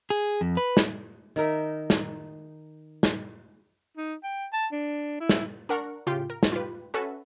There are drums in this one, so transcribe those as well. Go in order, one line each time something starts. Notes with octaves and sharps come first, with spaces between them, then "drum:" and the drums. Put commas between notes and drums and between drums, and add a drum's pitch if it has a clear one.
G#4
F2
B4
drum: snare
D#3 D#4 A#4 E5
drum: snare
drum: snare
D#4
G5
A5
D4
E4
drum: snare
D4 A#4 F#5 C#6
A2 C#3 F4 G4 G5 C6
A#4
drum: snare
F4 G4 B4
C#4 F#4 A4 B4 E5